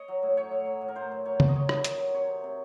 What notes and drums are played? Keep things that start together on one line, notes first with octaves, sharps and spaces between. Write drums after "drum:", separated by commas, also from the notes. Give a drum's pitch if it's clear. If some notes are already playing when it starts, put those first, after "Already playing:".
Already playing: C#5 D#5
F#3
A2
F#3 C#5
A2
F#3
A2
A#4
A2 C5
F#3
F#3 C#5
F#3, drum: tom C#3
D#5
D#3 C#5
C3, drum: rim click
F#3, drum: hi-hat
F#3
C3 C#5
C3
C3